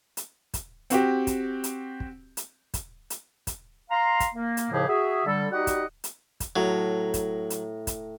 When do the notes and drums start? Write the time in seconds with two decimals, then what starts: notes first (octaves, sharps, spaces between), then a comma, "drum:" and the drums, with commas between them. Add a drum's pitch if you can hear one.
0.17 drum: hi-hat
0.54 drum: kick, hi-hat
0.90 C4 F#4 G4, drum: hi-hat
1.27 drum: kick, hi-hat
1.64 drum: hi-hat
2.00 drum: kick
2.37 drum: hi-hat
2.74 drum: kick, hi-hat
3.10 drum: hi-hat
3.47 drum: kick, hi-hat
3.90 F5 A#5 C6
4.20 drum: kick, hi-hat
4.34 A#3
4.57 drum: hi-hat
4.71 D#2 A2 C#3 F3 G4 G#4
4.88 F#4 G#4 E5
5.26 D3 G3 A4
5.52 G3 D#4 F#4 G4 D#5 F#5
5.67 drum: kick, hi-hat
6.04 drum: hi-hat
6.40 drum: kick, hi-hat
6.56 A2 F#3 A#5
7.14 drum: kick, hi-hat
7.50 drum: hi-hat
7.87 drum: kick, hi-hat